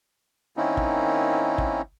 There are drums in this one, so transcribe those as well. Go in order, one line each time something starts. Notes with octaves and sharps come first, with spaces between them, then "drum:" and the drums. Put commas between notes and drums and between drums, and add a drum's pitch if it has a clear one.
D#3 A#3 C4 C#4 D#4 E4
drum: kick
drum: kick